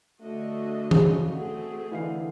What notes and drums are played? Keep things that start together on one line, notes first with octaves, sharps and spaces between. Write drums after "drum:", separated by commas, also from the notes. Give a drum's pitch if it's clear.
D3 A3 F#4 D#5
C#3, drum: tom E3
A3 C4 F#4 G#4
D3 E3 F5 C7